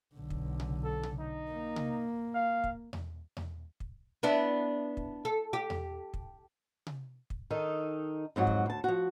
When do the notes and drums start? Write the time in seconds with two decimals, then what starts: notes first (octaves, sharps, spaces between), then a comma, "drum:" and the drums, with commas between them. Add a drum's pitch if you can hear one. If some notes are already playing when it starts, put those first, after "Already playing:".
0.15 B1 D3
0.30 drum: kick
0.60 drum: tom C3
0.84 A4
1.03 drum: tom C3
1.19 D#4
1.52 A#3
1.76 drum: tom C3
2.35 F5
2.64 drum: kick
2.93 drum: tom E2
3.37 drum: tom E2
3.80 drum: kick
4.23 B3 D4 E4
4.97 drum: kick
5.25 A4
5.53 G4
5.70 drum: tom E2
6.14 drum: kick
6.87 drum: tom C3
7.30 drum: kick
7.51 D#3 D#4 A4
8.36 F2 G#2 F#3 F#4
8.47 drum: kick
8.66 D2 A5
8.84 F3 F#4